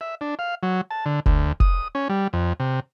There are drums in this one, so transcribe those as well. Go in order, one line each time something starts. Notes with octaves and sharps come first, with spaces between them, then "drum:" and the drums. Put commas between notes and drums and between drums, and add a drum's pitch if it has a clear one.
E5
D4
F5
F#3
A5
D3
D2, drum: kick F1
D#6, drum: kick F1
C#4
G3
F2
C3